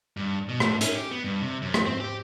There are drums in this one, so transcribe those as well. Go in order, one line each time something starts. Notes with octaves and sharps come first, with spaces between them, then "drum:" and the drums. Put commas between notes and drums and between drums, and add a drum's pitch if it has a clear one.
G2
B2
A2, drum: rim click
C#4, drum: hi-hat
G4
B3
G2
C3
F#2
drum: rim click
C4
G4